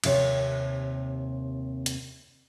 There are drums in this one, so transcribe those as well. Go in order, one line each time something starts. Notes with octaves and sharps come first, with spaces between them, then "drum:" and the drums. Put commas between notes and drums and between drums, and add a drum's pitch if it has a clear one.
D#2 C3 C#5, drum: cymbal
drum: hi-hat